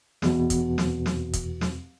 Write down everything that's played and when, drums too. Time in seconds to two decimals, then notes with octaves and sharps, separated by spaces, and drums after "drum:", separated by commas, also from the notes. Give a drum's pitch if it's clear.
0.22 E2 B2, drum: snare
0.50 drum: kick, hi-hat
0.78 drum: snare
1.06 drum: snare
1.33 drum: kick, hi-hat
1.61 drum: snare